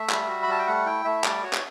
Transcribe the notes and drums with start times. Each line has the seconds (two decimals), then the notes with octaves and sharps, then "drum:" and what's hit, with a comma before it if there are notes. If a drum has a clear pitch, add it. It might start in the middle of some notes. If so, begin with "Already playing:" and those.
Already playing: A3 E5
0.10 G3, drum: clap
0.28 F#4
0.43 B5
0.48 G3 A5
0.59 G5
0.67 A3 F#5
0.86 E4 G5
1.05 A3 E5
1.24 G3 D5, drum: clap
1.43 F#4 C#5
1.53 drum: clap